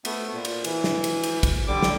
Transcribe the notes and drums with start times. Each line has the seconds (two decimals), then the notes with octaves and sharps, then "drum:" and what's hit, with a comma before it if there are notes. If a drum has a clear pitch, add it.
0.05 A3 B3, drum: cymbal
0.34 A#2
0.45 drum: cymbal
0.64 E3, drum: cymbal
0.84 drum: snare
1.04 drum: cymbal
1.23 drum: cymbal
1.43 drum: kick, cymbal
1.67 D3 G3 D6
1.82 drum: snare